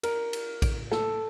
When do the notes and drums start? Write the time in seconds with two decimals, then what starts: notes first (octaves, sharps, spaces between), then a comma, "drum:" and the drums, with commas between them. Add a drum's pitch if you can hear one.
0.03 A#4, drum: cymbal
0.33 drum: cymbal
0.62 drum: kick A#1, cymbal
0.91 A4, drum: snare